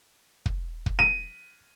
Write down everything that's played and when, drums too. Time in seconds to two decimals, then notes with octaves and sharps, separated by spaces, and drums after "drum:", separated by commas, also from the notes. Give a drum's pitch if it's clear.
0.46 drum: kick
0.86 drum: kick
0.99 D#7